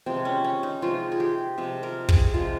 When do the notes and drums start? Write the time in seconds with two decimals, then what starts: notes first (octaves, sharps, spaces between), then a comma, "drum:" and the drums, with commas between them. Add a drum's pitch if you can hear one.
0.06 C3 F3 G#3 C4
0.25 C#4
0.44 C#4
0.63 D#4
0.82 C3 F3 G#3 F4
1.12 G#4
1.20 G4
1.58 C3 F3 G#3
1.83 A#4
2.09 G#4, drum: kick
2.34 C3 F3 G#3 F4